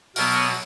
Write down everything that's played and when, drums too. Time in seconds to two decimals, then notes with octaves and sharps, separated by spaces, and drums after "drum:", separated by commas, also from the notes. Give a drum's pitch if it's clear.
0.16 B2 F#3 B3 A#4, drum: open hi-hat